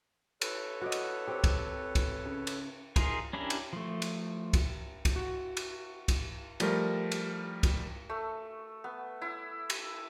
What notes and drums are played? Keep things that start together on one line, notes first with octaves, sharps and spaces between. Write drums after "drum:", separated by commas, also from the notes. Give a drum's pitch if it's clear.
A4 B4 C#5, drum: cymbal
F#4 D5 D#5
drum: cymbal
C4 G4
drum: kick, cymbal
drum: kick, cymbal
C#3
drum: cymbal
D#4 F4 G#4 A#4, drum: kick, cymbal
C#4 D4 E4 G4 A#4
drum: cymbal
F3 A3
drum: cymbal
drum: kick, cymbal
drum: kick, cymbal
F#4
drum: cymbal
drum: kick, cymbal
F3 G3 A3 A#4, drum: cymbal
drum: cymbal
drum: kick, cymbal
A3
B3
E4
drum: cymbal